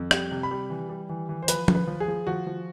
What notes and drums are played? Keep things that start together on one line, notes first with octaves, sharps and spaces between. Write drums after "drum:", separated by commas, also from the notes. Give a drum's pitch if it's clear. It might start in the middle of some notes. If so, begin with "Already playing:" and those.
Already playing: F2
G3, drum: rim click
C3
B5
G3
E3
G3
E3
E3
C5
F3 B4, drum: hi-hat
F3, drum: tom
B4
F3
G#4
F3
F3 F#4
F3